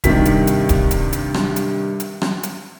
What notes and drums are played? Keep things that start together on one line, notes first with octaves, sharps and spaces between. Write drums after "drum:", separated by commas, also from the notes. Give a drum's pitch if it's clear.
G2 C3 D#3 B6, drum: kick D1, hi-hat
drum: hi-hat
drum: hi-hat
drum: kick D1, hi-hat
drum: hi-hat
drum: hi-hat
drum: rim click
drum: hi-hat
drum: hi-hat
drum: rim click
drum: hi-hat